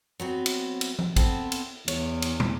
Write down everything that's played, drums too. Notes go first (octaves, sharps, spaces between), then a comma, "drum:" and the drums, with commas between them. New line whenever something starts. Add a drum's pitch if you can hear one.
F#3 B3 C4
drum: cymbal
drum: cymbal
drum: tom F3
B3 C4 A4, drum: kick, cymbal
drum: cymbal
E2 C#5, drum: cymbal
drum: cymbal
drum: tom